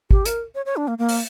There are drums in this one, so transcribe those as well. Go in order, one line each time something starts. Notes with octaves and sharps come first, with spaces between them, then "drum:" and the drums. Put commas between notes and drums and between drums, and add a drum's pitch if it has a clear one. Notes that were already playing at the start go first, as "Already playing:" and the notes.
G4, drum: kick G#1
A#4, drum: hi-hat
C#5
C#5
D4
A#3
A#3
drum: open hi-hat